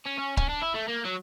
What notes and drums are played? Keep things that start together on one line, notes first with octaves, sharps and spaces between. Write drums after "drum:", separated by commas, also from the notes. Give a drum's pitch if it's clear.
C#4
C#4
C#4, drum: kick C#1
D4
E4
A3
A#3
F#3